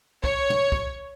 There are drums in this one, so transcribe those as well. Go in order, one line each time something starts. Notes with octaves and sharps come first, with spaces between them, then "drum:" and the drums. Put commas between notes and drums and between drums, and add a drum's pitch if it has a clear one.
C#5, drum: kick
drum: tom
drum: kick